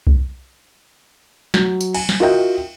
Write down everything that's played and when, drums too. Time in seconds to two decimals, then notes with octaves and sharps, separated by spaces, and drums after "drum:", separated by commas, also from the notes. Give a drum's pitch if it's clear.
0.07 drum: kick C2
1.54 F#3, drum: snare
1.81 drum: tambourine
1.95 G#5, drum: cymbal
2.09 drum: snare
2.20 F4 F#4 A#4 D#5 E5 G5